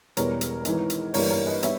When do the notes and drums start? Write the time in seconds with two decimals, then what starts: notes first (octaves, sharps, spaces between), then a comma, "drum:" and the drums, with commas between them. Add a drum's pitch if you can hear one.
0.17 E1 E2 B2 G3 A#4 C#5, drum: hi-hat
0.41 drum: hi-hat
0.65 G#1 G#2 E3, drum: hi-hat
0.90 drum: hi-hat
1.14 G1 G2 E3 G3 A#3 A#4 C#5, drum: open hi-hat
1.30 A#4 C#5
1.47 B4 D#5
1.63 G3 B3 C#5 E5, drum: hi-hat